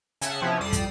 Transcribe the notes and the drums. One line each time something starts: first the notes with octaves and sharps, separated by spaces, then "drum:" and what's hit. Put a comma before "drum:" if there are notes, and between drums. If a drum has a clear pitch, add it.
C#3 E5 F#5 G#5 A5, drum: hi-hat
C3 F3 B3 C#4 E4
F2 G3 D5 D#6 C7 E7
drum: kick, hi-hat